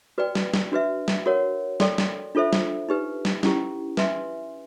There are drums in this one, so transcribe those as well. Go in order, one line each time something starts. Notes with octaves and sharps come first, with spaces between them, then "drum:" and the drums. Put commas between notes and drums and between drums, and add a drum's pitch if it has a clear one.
F#4 B4 D5 G5
drum: snare
drum: snare
D4 F#4 B4 E5
drum: snare
F#4 A#4 C#5 F#5
A4 D5 G5 C6, drum: snare
drum: snare
D4 F4 A4 C5 E5
drum: snare
D#4 G4 B4
drum: snare
C#4 E4 G4, drum: snare
B4 E5 G#5 C6, drum: snare